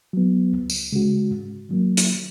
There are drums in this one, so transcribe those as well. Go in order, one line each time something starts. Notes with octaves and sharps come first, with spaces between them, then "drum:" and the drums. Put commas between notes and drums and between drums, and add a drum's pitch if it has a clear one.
F#3 B3
C#2
drum: tambourine
C#3 G#3 C#4 F#4
G#2
D#3 F#3 A#3
drum: hi-hat